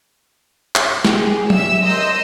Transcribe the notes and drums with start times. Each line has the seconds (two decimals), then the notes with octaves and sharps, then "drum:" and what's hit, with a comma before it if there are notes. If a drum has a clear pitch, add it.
0.75 drum: clap
1.05 G4 G#4, drum: snare
1.50 E5 E6, drum: tom F#3
1.84 A#4 D#5 C6 E6 G6